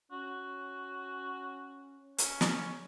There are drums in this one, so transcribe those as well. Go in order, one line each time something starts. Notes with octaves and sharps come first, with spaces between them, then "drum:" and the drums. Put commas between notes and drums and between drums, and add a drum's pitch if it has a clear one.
C#4 F#4
C#4, drum: hi-hat
drum: snare